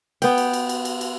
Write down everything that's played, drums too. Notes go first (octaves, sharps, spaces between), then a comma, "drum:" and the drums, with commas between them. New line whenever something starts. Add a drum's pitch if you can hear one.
B3 G5, drum: cymbal
drum: cymbal
drum: cymbal
drum: cymbal
drum: cymbal
drum: cymbal